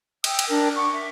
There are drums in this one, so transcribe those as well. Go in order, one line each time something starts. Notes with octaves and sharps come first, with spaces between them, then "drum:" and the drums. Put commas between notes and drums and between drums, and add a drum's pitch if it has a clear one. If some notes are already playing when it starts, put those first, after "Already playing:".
G5 D#6 E6, drum: cymbal
drum: cymbal
D4 A#4 G5
F#5 C#6 D6
E5